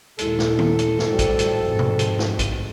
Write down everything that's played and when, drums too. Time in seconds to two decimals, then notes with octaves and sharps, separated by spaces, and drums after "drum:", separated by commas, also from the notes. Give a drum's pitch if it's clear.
0.19 D#2 A#2 G#3 E4 A4, drum: hi-hat
0.39 drum: snare
0.59 drum: tom D#3
0.79 drum: hi-hat
0.99 drum: snare
1.09 A2 G3 F#4 C5 G5
1.19 drum: kick, hi-hat
1.39 drum: hi-hat
1.65 F2 G#2
1.79 drum: tom B2
1.99 drum: hi-hat
2.19 drum: snare
2.39 drum: kick, hi-hat